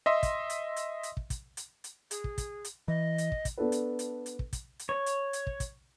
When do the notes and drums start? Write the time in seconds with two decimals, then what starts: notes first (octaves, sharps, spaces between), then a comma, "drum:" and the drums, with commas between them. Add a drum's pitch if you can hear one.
0.06 D#5 E5 C6
0.23 drum: kick, hi-hat
0.50 drum: hi-hat
0.76 drum: hi-hat
1.03 drum: hi-hat
1.17 drum: kick
1.30 drum: kick, hi-hat
1.57 drum: hi-hat
1.84 drum: hi-hat
2.11 G#4, drum: hi-hat
2.24 drum: kick
2.38 drum: kick, hi-hat
2.65 drum: hi-hat
2.88 E3 D#5
3.18 drum: hi-hat
3.32 drum: kick
3.45 drum: kick, hi-hat
3.58 B3 D4 A4 B4
3.72 drum: hi-hat
3.99 drum: hi-hat
4.26 drum: hi-hat
4.39 drum: kick
4.53 drum: kick, hi-hat
4.79 drum: hi-hat
4.89 C#5
5.06 drum: hi-hat
5.33 drum: hi-hat
5.47 drum: kick
5.60 drum: kick, hi-hat